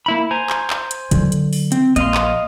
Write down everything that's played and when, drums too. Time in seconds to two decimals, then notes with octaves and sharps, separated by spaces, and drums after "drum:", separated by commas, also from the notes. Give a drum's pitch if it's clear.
0.06 A#3 E4 B5
0.31 C5 G#5 A#5
0.50 drum: clap
0.70 drum: clap
0.91 drum: hi-hat
1.11 D3 F#3, drum: kick, hi-hat
1.32 drum: hi-hat
1.53 drum: open hi-hat
1.72 C4, drum: hi-hat
1.96 A#1 D#5 F5 C6, drum: hi-hat
2.14 drum: clap